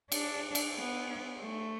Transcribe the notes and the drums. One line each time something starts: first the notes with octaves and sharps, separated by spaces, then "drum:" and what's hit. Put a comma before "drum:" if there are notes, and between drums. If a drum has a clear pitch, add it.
D4, drum: cymbal
drum: cymbal
B3
A3